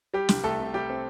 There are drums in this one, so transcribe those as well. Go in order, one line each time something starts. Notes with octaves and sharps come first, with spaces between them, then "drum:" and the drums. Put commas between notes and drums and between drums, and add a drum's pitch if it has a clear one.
G3 G4
C2, drum: snare
C2 A3 A4
C3
C2 G3 G4
C4